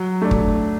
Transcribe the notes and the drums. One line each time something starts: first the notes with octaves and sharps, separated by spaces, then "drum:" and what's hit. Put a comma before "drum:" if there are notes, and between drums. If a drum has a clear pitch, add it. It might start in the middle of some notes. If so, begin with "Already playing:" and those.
Already playing: F#3
A3 D4
drum: kick